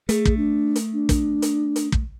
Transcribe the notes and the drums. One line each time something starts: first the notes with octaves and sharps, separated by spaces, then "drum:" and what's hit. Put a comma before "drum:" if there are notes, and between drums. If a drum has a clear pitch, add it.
A3 G#4, drum: hi-hat
drum: kick
D4
drum: hi-hat
D4
drum: kick, hi-hat
drum: hi-hat
drum: hi-hat
drum: kick